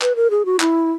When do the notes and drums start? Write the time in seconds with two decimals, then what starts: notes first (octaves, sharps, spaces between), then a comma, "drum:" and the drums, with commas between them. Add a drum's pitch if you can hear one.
0.02 B4, drum: clap
0.16 A#4
0.30 G#4
0.45 F#4
0.60 E4, drum: clap